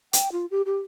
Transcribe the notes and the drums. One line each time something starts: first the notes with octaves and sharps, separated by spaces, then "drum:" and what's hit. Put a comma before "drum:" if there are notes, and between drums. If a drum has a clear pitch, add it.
G5, drum: hi-hat
F4
G4
G4